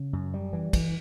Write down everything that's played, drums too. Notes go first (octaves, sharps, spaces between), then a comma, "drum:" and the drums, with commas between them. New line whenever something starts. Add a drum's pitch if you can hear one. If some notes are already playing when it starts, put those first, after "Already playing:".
Already playing: C#3
F#2
G3
E3
E3, drum: kick, cymbal